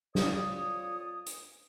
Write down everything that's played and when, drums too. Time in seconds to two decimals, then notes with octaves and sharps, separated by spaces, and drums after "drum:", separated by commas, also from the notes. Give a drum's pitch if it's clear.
0.15 F2 F4 C#5 D5 D#6, drum: snare
1.26 drum: hi-hat